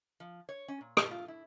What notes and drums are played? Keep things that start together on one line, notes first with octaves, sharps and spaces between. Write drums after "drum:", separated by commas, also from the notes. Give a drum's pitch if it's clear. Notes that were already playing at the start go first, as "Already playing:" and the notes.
F3
C#5
C#4
A#2
A3, drum: rim click
F4
E4